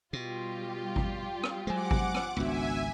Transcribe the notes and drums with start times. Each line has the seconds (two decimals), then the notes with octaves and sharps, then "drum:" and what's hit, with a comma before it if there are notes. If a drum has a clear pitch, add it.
0.13 B2 G3 F4 G4
0.96 drum: kick G#1
1.43 drum: rim click
1.67 F#3 G#3 C5 F#5 G#5 D6
1.91 drum: kick G#1
2.14 drum: rim click
2.37 G#1 C#2 B3 D4 F#4 E5 G#5